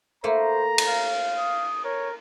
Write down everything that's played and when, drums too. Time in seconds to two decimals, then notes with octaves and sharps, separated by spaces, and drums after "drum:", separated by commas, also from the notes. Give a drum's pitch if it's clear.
0.24 A3 A#3 E4 C5 A#5
0.78 drum: cymbal
0.88 F5
1.38 D#6
1.84 A#4 C#5